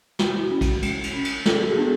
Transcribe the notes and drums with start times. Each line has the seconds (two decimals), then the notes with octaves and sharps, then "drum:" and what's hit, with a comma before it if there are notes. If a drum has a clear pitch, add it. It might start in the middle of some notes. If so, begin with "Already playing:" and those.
0.19 G#3 F#4, drum: snare
0.32 E4
0.44 F#4
0.51 C#4
0.61 drum: kick, cymbal
0.82 G#3, drum: cymbal
1.03 drum: cymbal
1.13 C#4
1.24 drum: cymbal
1.45 G#3 A4, drum: snare
1.54 G#4
1.63 F#4
1.72 G#4
1.77 B3 D4